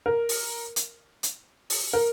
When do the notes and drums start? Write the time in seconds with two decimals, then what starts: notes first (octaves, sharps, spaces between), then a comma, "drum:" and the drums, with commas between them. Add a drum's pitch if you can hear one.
0.06 A#4
0.29 drum: open hi-hat
0.76 drum: hi-hat
1.23 drum: hi-hat
1.70 drum: open hi-hat
1.93 A#4